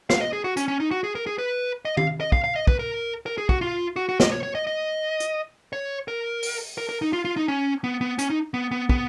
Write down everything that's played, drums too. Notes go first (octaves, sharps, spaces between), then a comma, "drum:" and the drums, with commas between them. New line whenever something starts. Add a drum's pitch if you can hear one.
F5, drum: snare
D#5
G#4
F#4
C#4, drum: hi-hat
C#4
D#4
F#4
G#4
A#4
G#4
B4
D#5
F5, drum: tom D#3
D#5
F5, drum: kick
F5
D#5
B4, drum: kick
A#4
A#4
G#4
F#4, drum: kick
F4
F#4
F#4
D#5, drum: snare
C#5
C#5
D#5
D#5
drum: hi-hat
C#5
A#4
drum: open hi-hat
A#4
A#4
D#4
F4
F4
D#4
C#4
B3
B3
C#4, drum: hi-hat
D#4
B3
B3
B3, drum: kick